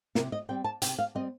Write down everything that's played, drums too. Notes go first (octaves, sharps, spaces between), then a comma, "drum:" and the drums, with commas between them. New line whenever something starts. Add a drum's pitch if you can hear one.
C3 A#4, drum: snare
D#5
G3 C4 G5
A5
C3 G5, drum: hi-hat
F5
G3 C4 D#5